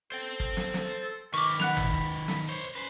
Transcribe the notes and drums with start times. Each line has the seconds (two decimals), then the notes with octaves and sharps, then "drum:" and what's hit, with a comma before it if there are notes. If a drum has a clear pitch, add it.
0.12 A4 C5 G5
0.40 drum: kick
0.57 drum: snare
0.74 drum: snare
1.34 D#3 A#4 B4 C#6 D6
1.60 F#5 B5 F#6 F7, drum: snare
1.77 drum: tom G#1
1.94 drum: kick
2.28 drum: snare
2.49 C5 C#5
2.75 C#4 B4 C5